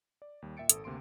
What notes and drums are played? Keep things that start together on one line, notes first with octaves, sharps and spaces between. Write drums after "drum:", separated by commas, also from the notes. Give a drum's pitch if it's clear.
D5
D#2 G3
A#2 E5 G5 A6 C#7 D7
G#1 A4 D#6, drum: hi-hat
D2 C3 A#3 C6 D7